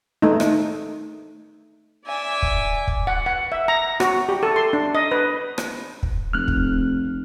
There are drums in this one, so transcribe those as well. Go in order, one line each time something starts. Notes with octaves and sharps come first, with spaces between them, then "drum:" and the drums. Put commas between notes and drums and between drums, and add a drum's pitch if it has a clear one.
A3 D#4
drum: rim click
D5 E5 G#5
drum: kick
drum: kick
F#5
F#5
E5
A#5
F#4, drum: rim click
G4
A4
C6
D4
D#5
B4
drum: rim click
drum: kick
F1 F6 F#6
drum: kick